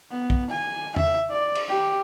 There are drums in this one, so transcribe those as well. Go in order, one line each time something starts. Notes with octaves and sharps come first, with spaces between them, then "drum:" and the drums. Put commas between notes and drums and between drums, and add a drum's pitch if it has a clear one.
B3
drum: kick
G#5
E5, drum: tom E2
D5
drum: cymbal
G4